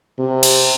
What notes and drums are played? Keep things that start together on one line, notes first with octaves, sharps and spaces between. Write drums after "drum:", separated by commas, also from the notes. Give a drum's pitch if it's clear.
C3
drum: cymbal